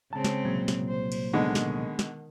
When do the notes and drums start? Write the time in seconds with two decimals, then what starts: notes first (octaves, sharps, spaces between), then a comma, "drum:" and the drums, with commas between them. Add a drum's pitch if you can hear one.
0.13 C#3 G#3 C4 A5
0.24 drum: snare
0.45 C2 A#2 F#3
0.68 drum: snare
0.89 C5
1.12 drum: cymbal
1.33 B2 D3 D#3 G#3
1.55 drum: snare
1.99 drum: snare